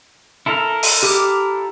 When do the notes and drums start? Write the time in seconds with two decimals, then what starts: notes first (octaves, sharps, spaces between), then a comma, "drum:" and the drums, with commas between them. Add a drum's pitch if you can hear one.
0.46 E4 A4 A#4
0.83 drum: open hi-hat
1.02 G4